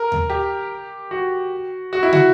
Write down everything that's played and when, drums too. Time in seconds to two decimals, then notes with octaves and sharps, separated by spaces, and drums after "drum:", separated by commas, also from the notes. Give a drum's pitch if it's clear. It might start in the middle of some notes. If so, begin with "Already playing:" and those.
Already playing: A#4
0.12 drum: tom D#2
0.30 G4
1.11 F#4
1.93 F#4
2.03 E4
2.13 F#4, drum: tom